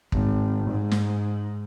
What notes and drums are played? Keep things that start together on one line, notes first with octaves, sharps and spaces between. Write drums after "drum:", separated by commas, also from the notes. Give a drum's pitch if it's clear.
G#1, drum: kick
G#2
drum: snare